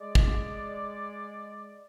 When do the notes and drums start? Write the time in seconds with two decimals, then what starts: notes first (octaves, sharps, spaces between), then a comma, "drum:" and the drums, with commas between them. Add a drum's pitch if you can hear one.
0.01 G#3 D5
0.15 drum: kick